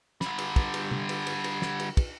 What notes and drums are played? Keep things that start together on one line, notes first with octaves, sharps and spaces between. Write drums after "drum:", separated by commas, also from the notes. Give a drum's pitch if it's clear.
D3 G3, drum: snare
drum: cymbal
drum: kick, cymbal
drum: cymbal
drum: tom
drum: cymbal
drum: cymbal
drum: cymbal
drum: snare
drum: cymbal
drum: kick, cymbal